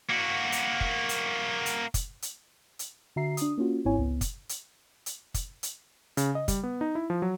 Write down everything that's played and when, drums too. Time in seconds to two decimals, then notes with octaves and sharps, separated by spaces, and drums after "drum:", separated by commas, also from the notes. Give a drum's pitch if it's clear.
0.10 A#3 F#4
0.52 drum: hi-hat
0.81 drum: kick
1.09 drum: hi-hat
1.66 drum: hi-hat
1.94 drum: kick, hi-hat
2.22 drum: hi-hat
2.79 drum: hi-hat
3.16 D3 F#4 E5 A#5 C7
3.37 D4 D#6, drum: hi-hat
3.58 A#3 C#4 F4 F#4
3.85 G#1 G#2 C4 E4 C#5 G#5
3.98 C#2 B3
4.21 drum: kick, hi-hat
4.49 drum: hi-hat
5.06 drum: hi-hat
5.34 drum: kick, hi-hat
5.63 drum: hi-hat
6.17 C#3, drum: hi-hat
6.35 D#5
6.48 G3, drum: kick, hi-hat
6.63 B3
6.81 D#4
6.95 E4
7.10 F3
7.22 F#3